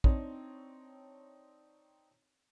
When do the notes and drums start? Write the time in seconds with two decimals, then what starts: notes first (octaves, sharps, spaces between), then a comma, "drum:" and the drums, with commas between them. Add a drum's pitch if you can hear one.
0.04 C4 D4 D#4 C#5, drum: kick